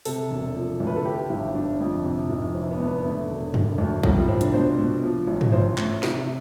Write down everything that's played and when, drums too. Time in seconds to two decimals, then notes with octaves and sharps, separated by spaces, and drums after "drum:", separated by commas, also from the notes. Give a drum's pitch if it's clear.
0.05 C3 A4, drum: open hi-hat
0.31 E1
0.55 F3
0.80 D2
0.87 B4
0.96 A4
1.05 E3 G4
1.30 G1 E4
1.55 G1 D4
1.80 F2
2.04 C3
2.29 F1
2.54 E3 C4
2.71 B3
2.80 E2
2.87 B3
3.05 D3 A3
3.29 E1
3.54 E1, drum: tom
3.78 D2
4.03 C2 G3, drum: kick
4.16 F3
4.28 C2 C4
4.41 D4, drum: hi-hat
4.54 B2 C5
4.78 B2
5.03 F3
5.27 A1
5.41 drum: tom
5.52 A1 C5
5.78 A2, drum: clap
6.03 C3, drum: snare